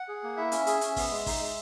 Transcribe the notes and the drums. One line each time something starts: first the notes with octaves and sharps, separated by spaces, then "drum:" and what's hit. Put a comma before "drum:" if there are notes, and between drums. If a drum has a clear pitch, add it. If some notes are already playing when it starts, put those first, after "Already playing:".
Already playing: F#5
G#4
A#3
E4 E5
C#4, drum: hi-hat
G#4, drum: hi-hat
C#4, drum: hi-hat
B3, drum: kick, open hi-hat
G#3
D#4, drum: kick, open hi-hat
G#3